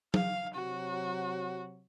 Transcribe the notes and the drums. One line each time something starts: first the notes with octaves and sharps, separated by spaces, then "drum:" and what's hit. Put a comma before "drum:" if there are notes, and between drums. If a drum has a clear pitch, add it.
F5, drum: tom F#3
C3 F#3 F#4